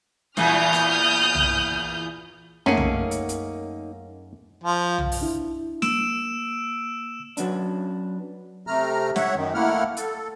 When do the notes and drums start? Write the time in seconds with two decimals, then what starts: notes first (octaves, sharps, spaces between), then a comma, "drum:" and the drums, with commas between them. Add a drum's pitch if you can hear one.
0.37 E2 A#2 E3 D#6 F6 G6, drum: snare
0.73 drum: rim click
1.35 drum: tom B1
2.66 F#2 A3 A#3 C#4 D#4 G#4 F#5 A#5
2.77 drum: tom B1
3.11 drum: hi-hat
3.29 drum: hi-hat
4.64 F3
4.98 drum: tom B1
5.12 drum: open hi-hat
5.21 D4 E4
5.82 A#3 E6 D7 E7, drum: snare
7.37 F#3 B3 C#4 D4, drum: hi-hat
8.67 C3 A3 A#5 F6
9.16 C#5 E5 F#5, drum: snare
9.36 F#2 D#3
9.54 A3 A#3 E4 F#5 F6
9.97 A4, drum: hi-hat